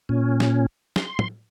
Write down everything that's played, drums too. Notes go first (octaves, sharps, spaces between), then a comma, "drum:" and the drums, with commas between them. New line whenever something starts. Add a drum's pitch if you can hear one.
A#2 C#4
drum: snare
C6, drum: snare
drum: tom